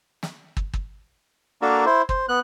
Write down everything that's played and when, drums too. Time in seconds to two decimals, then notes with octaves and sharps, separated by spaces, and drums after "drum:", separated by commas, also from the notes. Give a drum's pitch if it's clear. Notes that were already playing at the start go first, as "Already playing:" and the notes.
0.23 drum: snare
0.57 drum: kick
0.73 drum: kick
1.62 A#3 D4 F#4 A4 A#4
1.86 E4 C5
2.09 C5, drum: kick
2.29 B3 F#6